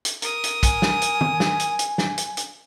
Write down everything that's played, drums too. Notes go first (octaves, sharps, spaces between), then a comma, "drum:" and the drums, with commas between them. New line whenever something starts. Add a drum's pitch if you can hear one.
drum: hi-hat
A#4 D#6, drum: hi-hat
drum: hi-hat
G#5, drum: kick, hi-hat
drum: snare
drum: hi-hat
drum: tom
drum: snare
drum: hi-hat
drum: hi-hat
drum: snare
drum: hi-hat
drum: hi-hat